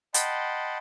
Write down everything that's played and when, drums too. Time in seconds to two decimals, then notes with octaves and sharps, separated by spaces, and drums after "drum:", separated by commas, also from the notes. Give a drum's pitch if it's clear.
0.14 D#5 F#5 G5 A5 B5 C6, drum: hi-hat